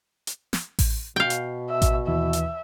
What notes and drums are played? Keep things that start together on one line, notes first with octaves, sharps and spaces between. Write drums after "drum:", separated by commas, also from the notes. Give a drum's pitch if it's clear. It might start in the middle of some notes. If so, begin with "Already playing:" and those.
drum: hi-hat
drum: snare
drum: kick A1, open hi-hat
B2 F5 G5
drum: hi-hat
E5
drum: kick A1, hi-hat
D#2 E3 B4 E5
drum: hi-hat